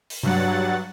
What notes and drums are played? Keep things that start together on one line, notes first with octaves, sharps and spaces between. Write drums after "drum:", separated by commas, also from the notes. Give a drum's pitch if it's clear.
drum: open hi-hat
G2 F#3 F#5 A6, drum: tom C3